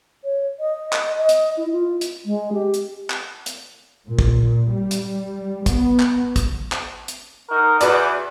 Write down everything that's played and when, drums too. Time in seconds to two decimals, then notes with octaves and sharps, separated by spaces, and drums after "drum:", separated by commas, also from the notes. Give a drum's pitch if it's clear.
0.24 C#5
0.60 D#5
0.93 drum: clap
1.18 D#5
1.29 drum: hi-hat
1.57 E4
1.72 F4
2.01 drum: hi-hat
2.25 G#3
2.53 G4
2.74 drum: hi-hat
3.10 drum: clap
3.46 drum: hi-hat
4.07 A#2
4.19 drum: kick
4.73 G3
4.91 drum: hi-hat
5.66 B3, drum: kick, hi-hat
6.00 drum: clap
6.36 drum: kick, hi-hat
6.72 drum: clap
7.08 drum: hi-hat
7.50 D#4 F#4 A#4
7.81 E2 F#4 B4 D5, drum: hi-hat